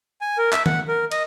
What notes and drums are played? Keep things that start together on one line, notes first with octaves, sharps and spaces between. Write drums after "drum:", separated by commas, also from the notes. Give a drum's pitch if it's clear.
G#5
A#4
E5, drum: clap
F#5, drum: tom
A#4
D#5, drum: cymbal